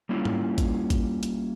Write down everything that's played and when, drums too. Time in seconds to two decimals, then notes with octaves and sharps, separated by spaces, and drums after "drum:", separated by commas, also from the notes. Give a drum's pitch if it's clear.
0.09 G3 A#3 C#4 E4 F4
0.25 drum: tom G#2
0.58 drum: kick A1, hi-hat
0.90 drum: kick A1, hi-hat
1.23 drum: hi-hat